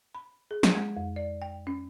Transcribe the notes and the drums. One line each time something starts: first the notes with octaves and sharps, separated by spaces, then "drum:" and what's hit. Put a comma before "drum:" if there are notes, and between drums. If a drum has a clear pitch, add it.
B5
G#4
drum: snare
G#3
F2
D5
G5
C#4